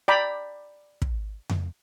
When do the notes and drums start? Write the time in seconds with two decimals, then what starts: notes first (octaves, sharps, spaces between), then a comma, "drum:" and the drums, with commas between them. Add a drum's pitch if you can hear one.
0.08 D5 G5 A#5 B5
1.02 drum: kick
1.49 drum: tom F2